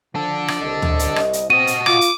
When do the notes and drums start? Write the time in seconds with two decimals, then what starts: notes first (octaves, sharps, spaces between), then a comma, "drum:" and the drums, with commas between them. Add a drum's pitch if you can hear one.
0.15 D3 F3 D4 A4
0.48 drum: rim click
0.61 C2 D#5
0.82 drum: tom
0.99 drum: hi-hat
1.16 drum: rim click
1.33 drum: hi-hat
1.50 C4 F#4 D#5 D#7
1.67 drum: hi-hat
1.86 F4 D6, drum: rim click
2.01 drum: hi-hat